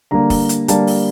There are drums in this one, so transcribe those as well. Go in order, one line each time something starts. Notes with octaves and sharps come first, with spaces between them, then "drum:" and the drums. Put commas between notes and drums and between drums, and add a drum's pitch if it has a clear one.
D3 G3 A#3 A#5
drum: kick, open hi-hat
drum: hi-hat
D3 G3 A#3 A5, drum: hi-hat
drum: open hi-hat